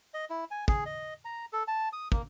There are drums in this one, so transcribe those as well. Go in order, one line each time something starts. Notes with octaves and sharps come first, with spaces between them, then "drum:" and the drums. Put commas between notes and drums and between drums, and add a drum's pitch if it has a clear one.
D#5
E4
G#5
G#4, drum: kick
D#5
A#5
A4
A5
D#6
A#3, drum: kick